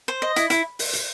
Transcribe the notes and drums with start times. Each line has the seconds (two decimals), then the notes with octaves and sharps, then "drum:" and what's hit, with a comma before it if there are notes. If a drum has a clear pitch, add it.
0.08 C5
0.22 D#5
0.36 E4, drum: hi-hat
0.50 E4, drum: hi-hat
0.79 drum: open hi-hat
0.93 drum: hi-hat